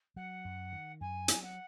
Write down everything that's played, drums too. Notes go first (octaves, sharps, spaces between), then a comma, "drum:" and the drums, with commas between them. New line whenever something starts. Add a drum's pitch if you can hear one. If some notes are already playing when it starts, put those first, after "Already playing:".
F#3 F#5
F#2
D#3
F#2 G#5
F#3, drum: hi-hat
F#5